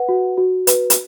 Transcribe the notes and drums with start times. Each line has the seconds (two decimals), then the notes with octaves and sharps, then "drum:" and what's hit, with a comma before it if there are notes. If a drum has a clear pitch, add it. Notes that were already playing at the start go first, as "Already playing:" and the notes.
Already playing: B4 F#5
0.09 F#4
0.37 F#4
0.67 B4, drum: hi-hat
0.90 drum: hi-hat